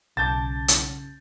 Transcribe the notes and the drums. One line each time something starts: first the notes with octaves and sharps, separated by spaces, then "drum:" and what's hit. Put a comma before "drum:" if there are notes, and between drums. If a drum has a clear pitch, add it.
B1 C#3 A5 D6 G6 A6
drum: hi-hat